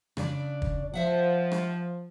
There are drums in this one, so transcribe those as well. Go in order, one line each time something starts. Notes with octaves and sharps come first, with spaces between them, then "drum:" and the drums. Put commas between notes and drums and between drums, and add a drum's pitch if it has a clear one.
C#3 D4 D5, drum: rim click
drum: kick
F3 C5 E5 F#5
drum: rim click